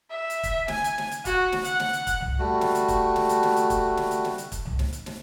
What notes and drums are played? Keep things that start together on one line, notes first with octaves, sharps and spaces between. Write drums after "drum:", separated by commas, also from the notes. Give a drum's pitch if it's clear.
E5
drum: hi-hat
drum: kick, hi-hat
G#5, drum: snare
drum: hi-hat
drum: snare
drum: hi-hat
F#4, drum: kick, hi-hat
drum: snare
F#5, drum: hi-hat
drum: snare
drum: hi-hat
drum: kick, hi-hat
drum: tom C2
G3 A3 F#4
drum: snare
drum: hi-hat
drum: kick, hi-hat
drum: snare
drum: hi-hat
drum: snare
drum: hi-hat
drum: kick, hi-hat
drum: snare
drum: hi-hat
drum: snare
drum: hi-hat
drum: kick, hi-hat
drum: tom C2
drum: snare
drum: hi-hat
drum: snare